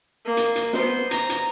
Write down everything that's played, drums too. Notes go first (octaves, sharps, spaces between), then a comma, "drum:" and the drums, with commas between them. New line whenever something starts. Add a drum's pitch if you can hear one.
A#3
drum: hi-hat
drum: hi-hat
B3 C5, drum: snare
A#5, drum: hi-hat
drum: hi-hat